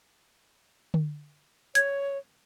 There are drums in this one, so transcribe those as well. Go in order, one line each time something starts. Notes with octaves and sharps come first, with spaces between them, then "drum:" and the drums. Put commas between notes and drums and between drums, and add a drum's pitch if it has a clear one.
drum: tom D3
C#5 G#6, drum: hi-hat